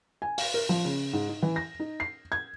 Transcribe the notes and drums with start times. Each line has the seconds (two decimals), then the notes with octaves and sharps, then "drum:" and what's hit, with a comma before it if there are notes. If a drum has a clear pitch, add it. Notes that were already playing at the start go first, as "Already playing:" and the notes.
0.22 G#5
0.38 F5, drum: open hi-hat
0.54 A#4
0.69 F3
0.85 C#3
1.13 G#2
1.29 D#4
1.42 E3
1.56 A#6
1.80 D#4
2.00 C7
2.32 G#6